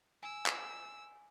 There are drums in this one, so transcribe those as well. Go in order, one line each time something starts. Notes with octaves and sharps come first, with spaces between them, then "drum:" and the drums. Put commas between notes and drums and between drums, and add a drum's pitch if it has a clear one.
G#5 E6
drum: clap